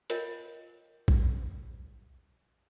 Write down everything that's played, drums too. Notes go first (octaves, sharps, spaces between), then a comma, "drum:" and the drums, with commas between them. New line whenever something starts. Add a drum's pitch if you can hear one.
F4 A#4 C#5 D#5 F5 G5, drum: hi-hat
drum: kick A#1